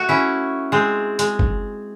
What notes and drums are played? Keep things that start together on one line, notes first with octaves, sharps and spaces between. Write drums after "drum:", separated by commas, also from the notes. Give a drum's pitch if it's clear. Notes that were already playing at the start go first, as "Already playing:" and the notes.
Already playing: A3 F#4
C#4 E4
G#3 C4
G#3, drum: hi-hat
drum: kick